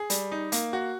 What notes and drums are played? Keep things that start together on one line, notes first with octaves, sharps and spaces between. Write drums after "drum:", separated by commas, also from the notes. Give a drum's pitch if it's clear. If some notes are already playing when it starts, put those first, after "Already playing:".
Already playing: G#4
G3, drum: hi-hat
D#4
A#3, drum: hi-hat
F#4